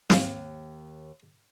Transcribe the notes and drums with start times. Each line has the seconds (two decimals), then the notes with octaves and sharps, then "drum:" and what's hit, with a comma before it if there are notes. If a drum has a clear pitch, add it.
0.10 D#2 G#2 G#3 F5, drum: snare